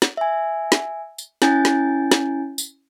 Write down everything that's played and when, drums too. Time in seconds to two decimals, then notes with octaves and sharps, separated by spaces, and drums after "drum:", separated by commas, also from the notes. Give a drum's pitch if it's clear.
0.02 drum: snare
0.17 E5 G#5
0.72 drum: snare
1.18 drum: tambourine
1.42 C#4 E4 G#5 G6 A6, drum: snare
1.65 drum: snare
2.12 drum: snare
2.58 drum: tambourine